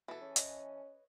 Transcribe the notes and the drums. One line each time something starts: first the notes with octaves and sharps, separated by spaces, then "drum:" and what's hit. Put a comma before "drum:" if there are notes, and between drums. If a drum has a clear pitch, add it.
B2 E3 A4
C#4 G#4
B4 C#5 D#5, drum: hi-hat